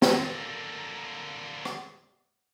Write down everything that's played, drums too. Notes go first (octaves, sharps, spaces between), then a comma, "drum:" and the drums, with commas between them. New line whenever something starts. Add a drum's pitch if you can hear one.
D3 A#3, drum: snare
drum: rim click